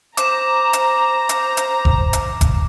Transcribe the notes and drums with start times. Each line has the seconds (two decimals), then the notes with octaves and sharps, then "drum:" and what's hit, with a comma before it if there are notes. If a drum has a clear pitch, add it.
0.17 C5 A#5 D6 E7, drum: hi-hat
0.73 drum: hi-hat
1.29 drum: hi-hat
1.57 drum: hi-hat
1.85 drum: kick F1
2.13 drum: hi-hat
2.41 drum: kick F1, hi-hat